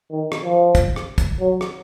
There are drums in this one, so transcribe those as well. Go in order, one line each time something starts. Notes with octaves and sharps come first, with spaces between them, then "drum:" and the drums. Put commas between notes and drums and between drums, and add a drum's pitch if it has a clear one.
D#3
drum: rim click
F3
drum: kick, hi-hat
drum: rim click
drum: kick, hi-hat
F#3
drum: rim click